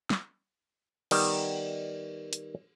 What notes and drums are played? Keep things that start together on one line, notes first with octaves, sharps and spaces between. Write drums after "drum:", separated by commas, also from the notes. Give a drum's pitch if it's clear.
drum: snare
D#3 G3 B3, drum: cymbal
drum: hi-hat